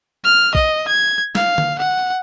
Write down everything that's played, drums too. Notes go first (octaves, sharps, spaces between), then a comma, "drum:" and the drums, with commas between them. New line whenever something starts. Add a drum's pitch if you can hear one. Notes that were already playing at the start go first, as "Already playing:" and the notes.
F6
D#5, drum: kick
G#6
F5, drum: snare
drum: tom D3
F#5